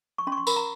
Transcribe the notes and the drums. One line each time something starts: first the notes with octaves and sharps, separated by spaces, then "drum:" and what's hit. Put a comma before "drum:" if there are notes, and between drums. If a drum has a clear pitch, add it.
C#6
C#4 C6
C#6
C6
A#4 B5, drum: tambourine
A#5